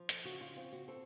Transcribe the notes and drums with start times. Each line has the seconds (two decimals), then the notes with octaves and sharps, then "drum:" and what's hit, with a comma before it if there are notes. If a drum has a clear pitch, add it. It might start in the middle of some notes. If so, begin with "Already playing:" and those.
Already playing: F3
0.09 A4, drum: hi-hat
0.24 C#3 F#4
0.41 F4
0.56 C4 F4
0.72 F#4
0.88 C4 A4